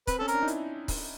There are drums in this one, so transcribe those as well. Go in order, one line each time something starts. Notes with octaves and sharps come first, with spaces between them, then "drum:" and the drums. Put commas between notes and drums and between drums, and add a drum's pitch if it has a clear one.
C4 B4, drum: kick C#1, hi-hat
C#4 A4
A#4, drum: hi-hat
D4
D#4
E4, drum: hi-hat
drum: kick C#1, open hi-hat